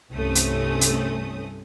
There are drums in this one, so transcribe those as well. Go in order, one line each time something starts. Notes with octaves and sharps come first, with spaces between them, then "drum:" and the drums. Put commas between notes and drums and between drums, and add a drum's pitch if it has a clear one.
C2 G2 A3 C4 C#4 D#6
drum: hi-hat
drum: hi-hat